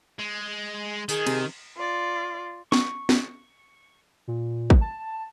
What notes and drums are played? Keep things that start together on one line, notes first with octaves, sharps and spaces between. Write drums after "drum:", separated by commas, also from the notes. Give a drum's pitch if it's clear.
G#3
D#3 G#4, drum: tambourine
C3, drum: cymbal
F4 D5
C#6, drum: snare
drum: snare
A#2
drum: kick
A5